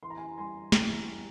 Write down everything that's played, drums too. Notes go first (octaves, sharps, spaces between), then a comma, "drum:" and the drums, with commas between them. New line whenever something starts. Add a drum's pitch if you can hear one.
E3 C6
A#5
G#5 C6
G3 G#5 C6
E3 G5 A#5, drum: snare
G3